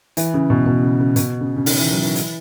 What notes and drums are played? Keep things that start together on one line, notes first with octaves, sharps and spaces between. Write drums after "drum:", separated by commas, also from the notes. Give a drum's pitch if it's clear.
E3, drum: hi-hat
C#3
B2
B2
C#3
C#3
B2, drum: hi-hat
C#3
C#3
D#3, drum: open hi-hat
E3
F#3
E3
drum: hi-hat